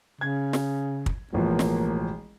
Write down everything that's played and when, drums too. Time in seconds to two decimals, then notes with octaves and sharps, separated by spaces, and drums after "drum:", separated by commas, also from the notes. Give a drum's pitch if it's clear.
0.21 C#3 G#6
0.53 drum: snare
1.06 drum: kick
1.33 E1 A1 F3 A#3
1.59 drum: snare